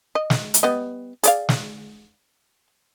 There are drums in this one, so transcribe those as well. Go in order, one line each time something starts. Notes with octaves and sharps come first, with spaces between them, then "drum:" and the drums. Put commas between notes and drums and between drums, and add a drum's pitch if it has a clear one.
D#5
drum: snare
drum: hi-hat
G3 B3 D#5
G#4 D5 F5, drum: hi-hat
drum: snare